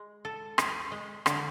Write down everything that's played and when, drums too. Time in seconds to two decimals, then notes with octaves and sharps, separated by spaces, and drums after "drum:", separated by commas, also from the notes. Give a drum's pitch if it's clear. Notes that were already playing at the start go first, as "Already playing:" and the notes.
Already playing: G#3
0.25 A4
0.58 G#4, drum: rim click
0.92 G#3
1.26 D3, drum: rim click